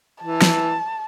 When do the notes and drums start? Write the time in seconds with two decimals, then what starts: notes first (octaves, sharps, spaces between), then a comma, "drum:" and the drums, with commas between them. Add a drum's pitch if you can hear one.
0.24 E3 A5
0.42 drum: snare